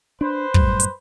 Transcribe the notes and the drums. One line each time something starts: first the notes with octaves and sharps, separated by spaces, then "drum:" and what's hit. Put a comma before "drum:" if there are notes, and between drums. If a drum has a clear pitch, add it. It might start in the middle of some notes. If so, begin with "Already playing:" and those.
D4 B4 C5
F#2 A2 G3, drum: kick
drum: hi-hat